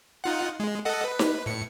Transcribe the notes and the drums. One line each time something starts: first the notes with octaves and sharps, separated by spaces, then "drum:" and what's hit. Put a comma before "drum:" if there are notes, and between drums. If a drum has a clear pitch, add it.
D#4 F4 F#5
G#3
A4 D#5 F#5
B4
drum: snare D#4
A2 C#7